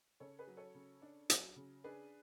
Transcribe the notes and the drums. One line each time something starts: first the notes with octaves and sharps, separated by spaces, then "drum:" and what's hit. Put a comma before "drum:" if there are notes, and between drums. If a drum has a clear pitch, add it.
C#3 A4 C#5
G#4 B4
F#3
A4 C#5
C#3
D4
F#3, drum: hi-hat
C#3
D4 G#4 B4